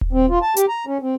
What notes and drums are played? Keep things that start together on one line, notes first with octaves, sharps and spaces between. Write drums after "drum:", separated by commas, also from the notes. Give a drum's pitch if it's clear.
drum: kick D#1
C4
F4
A5
G4, drum: hi-hat
A#5
C#4
C4